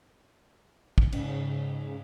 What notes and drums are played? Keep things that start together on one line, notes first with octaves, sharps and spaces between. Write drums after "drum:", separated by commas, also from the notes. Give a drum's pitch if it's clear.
drum: kick
G#2 C#3, drum: cymbal